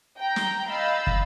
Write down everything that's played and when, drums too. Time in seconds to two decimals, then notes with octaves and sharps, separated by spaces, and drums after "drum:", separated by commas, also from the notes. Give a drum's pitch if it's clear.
0.18 G5 A#5
0.36 drum: snare
0.69 D#5 F5 B5 E6 G6 A6
1.07 drum: kick